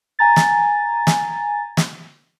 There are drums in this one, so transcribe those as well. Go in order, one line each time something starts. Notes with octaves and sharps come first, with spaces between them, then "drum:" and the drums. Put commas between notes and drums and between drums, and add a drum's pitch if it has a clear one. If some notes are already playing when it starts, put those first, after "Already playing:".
G#5 A#5 A6
drum: snare
drum: snare
drum: snare